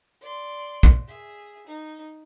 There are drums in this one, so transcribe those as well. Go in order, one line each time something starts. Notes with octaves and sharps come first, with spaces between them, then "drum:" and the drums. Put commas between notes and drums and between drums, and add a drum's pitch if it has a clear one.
D5 C6
drum: kick
G#4 E5
D#4